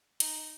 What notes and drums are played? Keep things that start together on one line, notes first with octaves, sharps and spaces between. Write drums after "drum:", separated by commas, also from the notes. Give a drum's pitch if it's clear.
D#4, drum: hi-hat